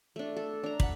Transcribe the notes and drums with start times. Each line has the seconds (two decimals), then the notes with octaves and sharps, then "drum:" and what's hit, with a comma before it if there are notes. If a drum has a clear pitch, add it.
0.16 A3 D4
0.36 A4
0.64 D4 A#5
0.80 F#5 B5, drum: kick